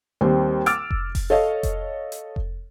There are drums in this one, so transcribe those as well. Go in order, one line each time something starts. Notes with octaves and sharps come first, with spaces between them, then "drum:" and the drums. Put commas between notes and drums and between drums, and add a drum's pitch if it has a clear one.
D#2 G3 C4
D6 E6 F6 A6 D7, drum: hi-hat
drum: kick F1
drum: kick F1, open hi-hat
A4 C#5 D#5 F5
drum: kick F1, hi-hat
drum: hi-hat
drum: kick F1